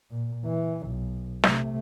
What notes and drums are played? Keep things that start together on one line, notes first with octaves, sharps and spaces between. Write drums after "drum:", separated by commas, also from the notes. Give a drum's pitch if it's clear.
A#2
E3
B1
C3 A3, drum: snare